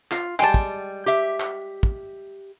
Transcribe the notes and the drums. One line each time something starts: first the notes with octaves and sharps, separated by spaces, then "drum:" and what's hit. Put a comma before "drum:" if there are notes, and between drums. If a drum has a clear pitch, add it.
F4, drum: clap
G3 G#3 G5 A5
drum: kick
G4 E5
drum: clap
drum: kick